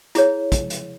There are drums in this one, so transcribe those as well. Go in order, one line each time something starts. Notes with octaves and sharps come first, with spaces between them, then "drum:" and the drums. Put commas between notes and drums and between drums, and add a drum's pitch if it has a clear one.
E4 G#4 C#5, drum: hi-hat
drum: kick, hi-hat
drum: hi-hat